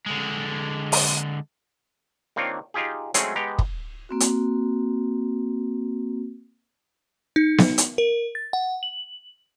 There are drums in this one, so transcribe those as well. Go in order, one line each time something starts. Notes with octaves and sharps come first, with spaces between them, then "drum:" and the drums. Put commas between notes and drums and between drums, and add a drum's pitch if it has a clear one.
D3 G#3
drum: open hi-hat
D#3 A#3 C4 D4 F4 C#5
D#4 F4 G4 G#4
F#3 G#3 A3 C4 C#4 G#4, drum: hi-hat
G#3 B3 G4 A#5
drum: kick
A#3 C4 F#4
drum: hi-hat
D#4
drum: snare B3
drum: hi-hat
A#4
A6
F#5
F#7